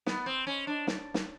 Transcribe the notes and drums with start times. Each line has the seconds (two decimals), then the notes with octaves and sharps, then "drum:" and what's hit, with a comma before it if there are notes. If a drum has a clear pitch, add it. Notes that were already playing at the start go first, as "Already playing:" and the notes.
0.06 B3, drum: snare
0.26 C4
0.47 C#4
0.67 D4
0.87 drum: snare
1.14 drum: snare